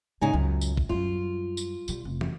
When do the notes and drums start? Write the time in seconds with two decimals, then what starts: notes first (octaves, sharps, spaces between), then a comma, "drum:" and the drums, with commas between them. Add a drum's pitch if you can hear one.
0.22 G#2 C#3 D#4 G#5
0.33 C#2 F#2
0.61 drum: tambourine
0.77 drum: kick A#1
0.89 F#2 G3 F4
1.57 drum: tambourine
1.88 B1 G3, drum: tambourine
2.05 F1 F2
2.21 drum: tom